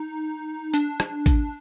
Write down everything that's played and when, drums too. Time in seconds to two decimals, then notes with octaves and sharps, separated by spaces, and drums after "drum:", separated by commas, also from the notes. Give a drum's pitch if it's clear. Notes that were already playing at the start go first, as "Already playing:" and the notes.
Already playing: D#4
0.74 D4, drum: hi-hat
1.00 drum: rim click
1.26 drum: kick, hi-hat